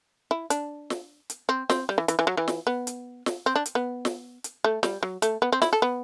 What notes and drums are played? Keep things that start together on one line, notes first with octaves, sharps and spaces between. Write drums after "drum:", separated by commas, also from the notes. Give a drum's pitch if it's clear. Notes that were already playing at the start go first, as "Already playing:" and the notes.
E4
D4, drum: hi-hat
drum: snare
drum: hi-hat
C4
C4, drum: snare
G3
E3
E3, drum: hi-hat
E3
F#3
E3
drum: snare
B3
drum: hi-hat
drum: snare
C4
D4
drum: hi-hat
B3
drum: snare
drum: hi-hat
A3
G3, drum: snare
F#3
A3, drum: hi-hat
B3
C4
E4, drum: snare
A4
B3